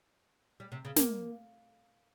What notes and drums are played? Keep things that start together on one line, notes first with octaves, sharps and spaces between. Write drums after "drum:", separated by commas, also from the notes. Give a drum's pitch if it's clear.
G3
C3
C#3
A#3, drum: snare